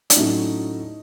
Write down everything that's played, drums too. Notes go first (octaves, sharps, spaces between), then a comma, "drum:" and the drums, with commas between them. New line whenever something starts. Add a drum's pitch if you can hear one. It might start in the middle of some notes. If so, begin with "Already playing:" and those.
D4, drum: hi-hat
A2 F#3 A3 C#4 D#4 E4